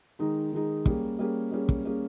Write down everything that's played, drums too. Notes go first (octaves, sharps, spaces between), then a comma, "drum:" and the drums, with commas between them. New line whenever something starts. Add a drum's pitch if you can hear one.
D#3 G#3 D#4
D#3 G#3 D#4
G3 A#3 C#4 G#4, drum: kick
G3 A#3 C#4 G#4
G3 A#3 C#4 G#4
drum: kick
G3 A#3 C#4 G#4